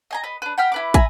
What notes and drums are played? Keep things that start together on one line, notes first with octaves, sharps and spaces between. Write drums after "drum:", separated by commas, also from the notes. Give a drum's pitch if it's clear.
D#5 G#5 A#5
B4 D#5
D4 B4
F#5 G5 B5 F6
E4 B4 D6
E5 G#5 A#5 B5, drum: kick, hi-hat